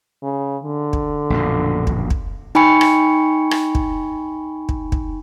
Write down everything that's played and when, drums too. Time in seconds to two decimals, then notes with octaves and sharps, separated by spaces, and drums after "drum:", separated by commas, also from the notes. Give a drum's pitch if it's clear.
0.23 C#3
0.64 D3
0.93 drum: kick
1.30 A#1 F#2 B2
1.87 drum: kick
2.10 drum: kick
2.55 D#4 G5 G#5 B5 C#6 C#7
2.81 drum: rim click
3.51 drum: rim click
3.75 drum: kick
4.69 drum: kick
4.92 drum: kick